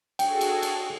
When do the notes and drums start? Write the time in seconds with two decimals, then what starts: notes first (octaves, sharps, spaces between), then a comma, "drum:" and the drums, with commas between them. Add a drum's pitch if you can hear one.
0.19 F#4 G#4 A4 G5, drum: cymbal
0.41 drum: cymbal
0.63 drum: cymbal